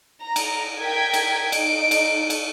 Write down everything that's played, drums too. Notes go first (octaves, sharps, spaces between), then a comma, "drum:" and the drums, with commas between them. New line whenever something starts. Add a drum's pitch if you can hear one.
A#5
drum: cymbal
A#4 G5 G#6 B6
drum: cymbal
D#4 D7, drum: cymbal
drum: cymbal
drum: cymbal